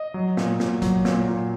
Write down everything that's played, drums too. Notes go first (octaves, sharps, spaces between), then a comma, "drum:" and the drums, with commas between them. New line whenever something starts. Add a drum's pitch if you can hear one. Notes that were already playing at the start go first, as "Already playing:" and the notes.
Already playing: D#5
F#3
A#2, drum: snare
A#2, drum: snare
F#3, drum: kick, hi-hat
A#2, drum: snare
A#2